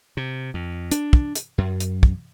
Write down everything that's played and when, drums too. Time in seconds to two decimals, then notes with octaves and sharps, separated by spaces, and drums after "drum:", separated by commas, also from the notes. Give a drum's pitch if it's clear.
0.17 C3
0.54 F2
0.91 D4, drum: hi-hat
1.13 drum: kick
1.35 drum: hi-hat
1.58 F#2
1.80 drum: hi-hat
2.03 drum: kick